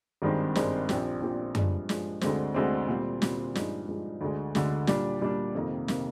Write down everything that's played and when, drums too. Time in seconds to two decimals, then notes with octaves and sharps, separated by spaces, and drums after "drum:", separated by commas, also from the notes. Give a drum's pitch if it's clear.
0.22 G#1 G2 D#3 G#3 C4
0.55 G#1 G2 D#3 G#3 C4, drum: snare
0.89 A#1 A#2 F3 C4 G4, drum: snare
1.21 A#1 A#2 F3 C4 G4
1.55 G2 F3 G#3, drum: tom F#2
1.89 G2 F3 G#3, drum: snare
2.21 D2 D3 G#3 C4, drum: snare
2.54 D2 D3 G#3 C4
2.88 A#2 G3 C4
3.22 A#2 G3 C4, drum: snare
3.55 G2 F3 G#3 D#4, drum: snare
3.89 G2 F3 G#3 D#4
4.21 D2 D3 G#3
4.55 D2 D3 G#3, drum: snare
4.87 A#2 G3 D4, drum: snare
5.21 A#2 G3 D4
5.55 F2 C3 D#3 A#3
5.88 C3 D#3 A#3, drum: snare